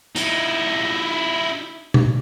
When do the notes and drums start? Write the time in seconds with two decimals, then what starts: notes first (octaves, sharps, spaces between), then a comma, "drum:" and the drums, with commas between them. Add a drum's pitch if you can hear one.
0.16 D#4 E4, drum: hi-hat
1.94 drum: tom B2